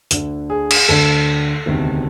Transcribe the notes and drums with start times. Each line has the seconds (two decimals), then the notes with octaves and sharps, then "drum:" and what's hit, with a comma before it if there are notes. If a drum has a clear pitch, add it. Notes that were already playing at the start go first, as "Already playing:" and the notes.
0.11 D2 D3, drum: hi-hat
0.50 G#4
0.71 drum: cymbal
0.89 D2 D3 A4
1.66 E1 D2 C3 D#3